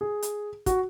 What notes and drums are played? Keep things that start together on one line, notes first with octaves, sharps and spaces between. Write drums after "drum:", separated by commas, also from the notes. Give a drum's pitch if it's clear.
G#4
drum: hi-hat
F#4, drum: kick, hi-hat